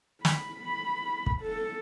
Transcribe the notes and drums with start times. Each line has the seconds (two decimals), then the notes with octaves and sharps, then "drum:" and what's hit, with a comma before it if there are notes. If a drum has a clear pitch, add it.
0.25 B5, drum: snare
1.26 drum: kick
1.42 A4